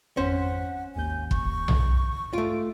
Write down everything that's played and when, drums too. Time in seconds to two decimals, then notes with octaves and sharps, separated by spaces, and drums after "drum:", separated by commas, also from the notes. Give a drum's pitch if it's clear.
0.17 G#1 F2 C#4 C5 F#5 B6
0.95 G#1 D#2 G#5 G6
1.31 C#6, drum: kick
1.68 drum: tom B1
2.33 G#2 A3 F4 D7